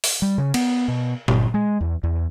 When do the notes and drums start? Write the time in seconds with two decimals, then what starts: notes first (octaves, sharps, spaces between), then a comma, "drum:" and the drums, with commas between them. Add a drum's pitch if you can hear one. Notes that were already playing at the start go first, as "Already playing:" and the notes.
0.04 drum: open hi-hat
0.22 G3
0.38 C#3
0.54 B3, drum: cymbal
0.88 B2
1.28 G1, drum: tom A#2
1.54 G#3
1.81 E2
2.03 E2